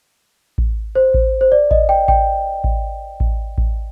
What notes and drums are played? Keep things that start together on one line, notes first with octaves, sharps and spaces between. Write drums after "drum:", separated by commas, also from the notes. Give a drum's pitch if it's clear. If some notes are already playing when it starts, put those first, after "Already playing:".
drum: kick A1
C5
drum: kick A1
C5
D5
D#5, drum: kick A1
G5
G5, drum: kick A1
drum: kick A1
drum: kick A1
drum: kick A1